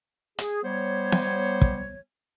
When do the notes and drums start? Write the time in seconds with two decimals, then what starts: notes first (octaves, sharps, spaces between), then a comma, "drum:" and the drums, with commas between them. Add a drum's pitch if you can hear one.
0.39 G#4, drum: hi-hat
0.63 G3 B3 C5 C#5
1.12 drum: snare B3
1.62 drum: kick